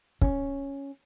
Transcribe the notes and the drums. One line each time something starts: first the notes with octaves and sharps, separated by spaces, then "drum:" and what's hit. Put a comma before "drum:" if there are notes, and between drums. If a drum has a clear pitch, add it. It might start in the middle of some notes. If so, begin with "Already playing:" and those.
C#4, drum: kick